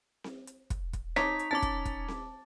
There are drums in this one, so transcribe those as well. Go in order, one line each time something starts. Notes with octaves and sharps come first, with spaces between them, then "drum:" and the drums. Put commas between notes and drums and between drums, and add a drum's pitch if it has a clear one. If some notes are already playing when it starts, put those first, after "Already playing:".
drum: snare C4
drum: hi-hat
drum: kick, hi-hat
drum: kick, hi-hat
D#4 C#5 A5 D6 B6, drum: snare C4
drum: hi-hat
C#4 A5 D6 A6
drum: kick, hi-hat
drum: kick, hi-hat
drum: snare C4